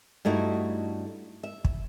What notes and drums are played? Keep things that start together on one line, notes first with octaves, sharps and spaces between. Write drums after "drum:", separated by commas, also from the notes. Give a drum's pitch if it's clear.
G2 A3 D#4 E4 F#4
E5
drum: kick